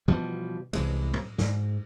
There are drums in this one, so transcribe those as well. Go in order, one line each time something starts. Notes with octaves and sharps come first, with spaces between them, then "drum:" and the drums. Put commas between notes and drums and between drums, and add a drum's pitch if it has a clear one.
B2 E3 F3 G3
C2 E3 G#3, drum: cymbal
drum: tom
G#2, drum: snare